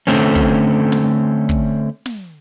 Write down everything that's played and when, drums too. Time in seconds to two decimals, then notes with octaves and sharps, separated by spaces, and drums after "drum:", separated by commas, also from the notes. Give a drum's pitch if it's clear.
0.07 D3 A3 C4 C#4
0.35 drum: kick
0.92 drum: snare
1.49 drum: kick
2.06 drum: snare